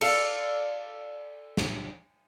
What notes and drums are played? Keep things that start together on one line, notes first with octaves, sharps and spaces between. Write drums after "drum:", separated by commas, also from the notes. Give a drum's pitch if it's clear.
A4 D5 F5, drum: cymbal
drum: snare